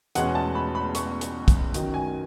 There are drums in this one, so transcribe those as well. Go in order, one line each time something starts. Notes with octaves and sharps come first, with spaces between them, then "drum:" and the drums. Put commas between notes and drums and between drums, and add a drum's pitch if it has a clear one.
E2 B2 G#3 C#4 F#5, drum: hi-hat
A5
B5
B5
C#6, drum: hi-hat
drum: hi-hat
drum: kick, hi-hat
F#2 D#3 F#3, drum: hi-hat
G#5